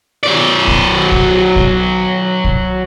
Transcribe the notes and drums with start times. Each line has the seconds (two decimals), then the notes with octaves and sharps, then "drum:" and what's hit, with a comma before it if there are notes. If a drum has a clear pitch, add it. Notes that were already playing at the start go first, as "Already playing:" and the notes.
0.23 F#3 D5
0.68 drum: kick
1.12 drum: kick
1.56 drum: kick
2.44 drum: kick